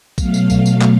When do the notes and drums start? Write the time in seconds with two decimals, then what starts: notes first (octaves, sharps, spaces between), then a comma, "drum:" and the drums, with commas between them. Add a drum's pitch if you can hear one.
0.18 B2 F#3 A3 F5, drum: kick A#1, tambourine
0.34 drum: tambourine
0.50 drum: kick A#1, tambourine
0.66 drum: tambourine
0.82 drum: clap